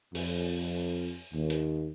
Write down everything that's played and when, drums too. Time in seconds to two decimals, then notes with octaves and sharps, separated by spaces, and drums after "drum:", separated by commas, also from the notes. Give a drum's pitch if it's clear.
0.15 F2, drum: open hi-hat
1.33 D#2
1.50 drum: hi-hat